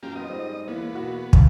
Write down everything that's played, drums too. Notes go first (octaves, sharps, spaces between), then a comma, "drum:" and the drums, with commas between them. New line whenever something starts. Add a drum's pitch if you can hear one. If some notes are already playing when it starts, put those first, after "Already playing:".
F#2 A#3 F4 G4
B3 F4 D#5
G#2 G3 C4
E2 A#3 B3 E4
B2 F#4
C#2, drum: kick